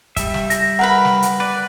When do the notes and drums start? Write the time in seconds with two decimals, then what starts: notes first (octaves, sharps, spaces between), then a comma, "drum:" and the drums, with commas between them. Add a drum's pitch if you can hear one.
0.16 G3 E5, drum: kick, hi-hat
0.34 drum: snare
0.50 A#6, drum: hi-hat
0.79 A#4 B4 F#5 B5
1.05 drum: snare
1.22 drum: hi-hat
1.40 B4 D5